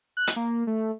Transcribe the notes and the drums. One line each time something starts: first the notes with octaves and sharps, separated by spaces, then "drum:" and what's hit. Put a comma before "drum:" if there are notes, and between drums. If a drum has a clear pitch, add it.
F#6
drum: hi-hat
A#3
A3